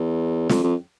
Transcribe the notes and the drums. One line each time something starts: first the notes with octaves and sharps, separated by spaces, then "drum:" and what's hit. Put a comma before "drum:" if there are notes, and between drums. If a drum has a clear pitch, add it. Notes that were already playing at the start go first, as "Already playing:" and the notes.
Already playing: E2
F2, drum: snare
F2